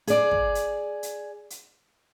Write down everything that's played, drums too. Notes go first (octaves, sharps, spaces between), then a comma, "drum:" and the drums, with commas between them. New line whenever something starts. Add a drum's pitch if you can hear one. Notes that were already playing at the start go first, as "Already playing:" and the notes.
G#4 D5, drum: hi-hat
drum: kick
drum: hi-hat
drum: hi-hat
drum: hi-hat